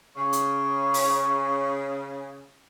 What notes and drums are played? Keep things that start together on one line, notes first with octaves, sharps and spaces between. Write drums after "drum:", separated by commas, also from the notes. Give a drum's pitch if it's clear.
C#3 C#5
drum: hi-hat
drum: open hi-hat